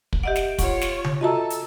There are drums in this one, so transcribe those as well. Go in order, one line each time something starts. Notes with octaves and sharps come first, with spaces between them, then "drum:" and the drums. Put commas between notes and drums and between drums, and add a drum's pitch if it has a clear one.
drum: kick
G4 D#5 E5 F#5 D7
drum: snare
F4 C#5 F#5 C#6, drum: kick, hi-hat
drum: snare
drum: tom C#3
F4 F#4 A4 D#5 E5 A5 A#5
drum: hi-hat